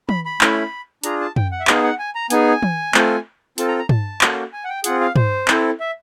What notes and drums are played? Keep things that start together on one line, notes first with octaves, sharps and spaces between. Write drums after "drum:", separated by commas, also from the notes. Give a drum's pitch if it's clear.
B5, drum: tom
B5
A3 C#4 E4, drum: clap
D4 F4 G#4 A#5, drum: hi-hat
A5
G5, drum: tom
F#5
E5
B3 D#4 G#4 F5, drum: clap
F#5
G#5
A#5
B3 D#4 G#4 G#5, drum: hi-hat
drum: tom
A3 C4 F4 A4, drum: clap
C4 F4 A4 A5, drum: hi-hat
A#5
A#5
A5, drum: tom
A#3 C#4 F#4 A4, drum: clap
G#5
F#5
G5
C4 F4 G#4 F#5, drum: hi-hat
F5
C5, drum: tom
C4 E4 A4, drum: clap
E5